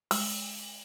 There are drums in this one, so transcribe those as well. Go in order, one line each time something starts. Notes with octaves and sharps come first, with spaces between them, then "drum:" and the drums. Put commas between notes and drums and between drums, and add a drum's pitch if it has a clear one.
E6, drum: open hi-hat